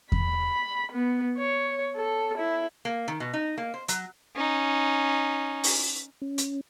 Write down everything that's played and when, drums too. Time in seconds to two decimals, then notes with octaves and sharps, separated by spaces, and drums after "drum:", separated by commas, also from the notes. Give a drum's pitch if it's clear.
0.12 B5, drum: kick E2
0.92 B3
1.38 C#5
1.96 A4
2.38 E4
2.85 A#3
3.08 D#3
3.20 B2
3.33 D#4
3.58 A#3
3.74 C5
3.88 F#3, drum: hi-hat
4.36 C#4 D#4
5.64 drum: open hi-hat
6.22 C#4
6.38 drum: hi-hat